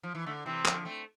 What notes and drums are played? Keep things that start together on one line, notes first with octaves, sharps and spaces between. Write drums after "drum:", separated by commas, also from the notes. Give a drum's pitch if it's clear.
F3
E3
D3 A3
C3 E3 C4
D3 F3, drum: clap
A3 C4